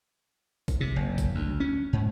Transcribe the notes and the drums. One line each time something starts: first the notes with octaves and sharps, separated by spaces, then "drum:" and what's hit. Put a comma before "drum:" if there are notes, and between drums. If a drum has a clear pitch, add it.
drum: kick A1, tambourine
C3
F#1
drum: kick A1, tambourine
D2
C#4
G#2